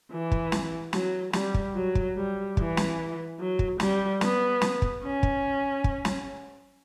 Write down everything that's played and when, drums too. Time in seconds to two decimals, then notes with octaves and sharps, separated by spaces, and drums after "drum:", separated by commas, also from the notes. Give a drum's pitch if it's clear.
0.11 E3
0.32 drum: kick
0.52 drum: snare
0.93 F#3, drum: snare
1.33 G3, drum: snare
1.54 drum: kick
1.75 F#3
1.95 drum: kick
2.16 G3
2.57 E3, drum: kick
2.77 drum: snare
3.39 F#3
3.59 drum: kick
3.80 G3, drum: snare
4.21 B3, drum: snare
4.61 drum: snare
4.82 drum: kick
5.03 C#4
5.23 drum: kick
5.84 drum: kick
6.05 drum: snare